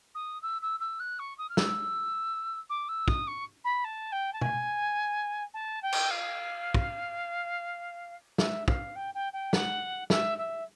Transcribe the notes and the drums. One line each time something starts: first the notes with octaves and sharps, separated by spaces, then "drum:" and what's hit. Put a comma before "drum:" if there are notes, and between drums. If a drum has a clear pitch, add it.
D#6
E6
E6
E6
F#6
C#6
D#6
F6
E6, drum: snare
D6
E6
D#6, drum: kick
C#6
B5
A5
G5
A5
G#5, drum: tom B2
A5
G5
drum: cymbal
F5
drum: kick
E5, drum: snare
F5, drum: kick
G5
G5
G5
F#5, drum: snare
E5, drum: snare
E5